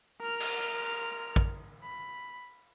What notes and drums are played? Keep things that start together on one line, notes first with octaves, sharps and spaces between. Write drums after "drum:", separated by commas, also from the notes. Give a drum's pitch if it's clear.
A#4 F6
drum: cymbal
drum: kick
B5